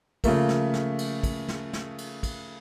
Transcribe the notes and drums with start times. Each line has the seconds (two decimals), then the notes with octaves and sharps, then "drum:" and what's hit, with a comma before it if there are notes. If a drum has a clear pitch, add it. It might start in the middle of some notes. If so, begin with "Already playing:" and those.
0.24 C#3 F3 A3 A#3, drum: kick, cymbal
0.49 drum: snare
0.74 drum: snare
0.99 drum: cymbal
1.23 drum: kick, cymbal
1.48 drum: snare
1.73 drum: snare
1.98 drum: cymbal
2.23 drum: kick, cymbal